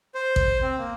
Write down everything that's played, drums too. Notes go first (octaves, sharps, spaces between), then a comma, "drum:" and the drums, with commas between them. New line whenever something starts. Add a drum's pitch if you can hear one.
C5
drum: kick A1
C4
A#3